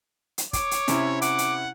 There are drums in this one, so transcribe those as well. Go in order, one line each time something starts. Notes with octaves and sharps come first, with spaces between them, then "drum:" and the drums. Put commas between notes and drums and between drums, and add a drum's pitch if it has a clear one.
drum: hi-hat
C#5 D6, drum: kick, hi-hat
drum: hi-hat
C3 C#4 E4, drum: hi-hat
F#5 D6, drum: hi-hat
drum: hi-hat